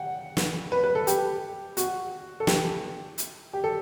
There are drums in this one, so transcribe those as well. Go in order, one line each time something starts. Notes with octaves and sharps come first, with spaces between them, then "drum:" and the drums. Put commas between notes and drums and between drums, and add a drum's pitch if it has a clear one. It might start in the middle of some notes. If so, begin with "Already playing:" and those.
Already playing: F#5 G5
drum: snare
B4
B4
A4
G4, drum: hi-hat
F#4, drum: hi-hat
A4
G4, drum: snare
drum: hi-hat
G4
A4